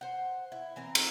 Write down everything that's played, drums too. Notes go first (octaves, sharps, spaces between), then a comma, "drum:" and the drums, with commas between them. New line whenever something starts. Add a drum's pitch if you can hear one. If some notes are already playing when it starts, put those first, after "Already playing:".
C5 F#5
E4
E3 C4 A#4
drum: cymbal